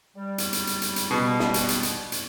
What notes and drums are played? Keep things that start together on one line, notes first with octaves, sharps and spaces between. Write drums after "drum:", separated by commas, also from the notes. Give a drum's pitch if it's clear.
G3
drum: hi-hat
drum: hi-hat
drum: hi-hat
drum: hi-hat
drum: hi-hat
B2
drum: snare
drum: hi-hat
drum: hi-hat
drum: hi-hat
drum: hi-hat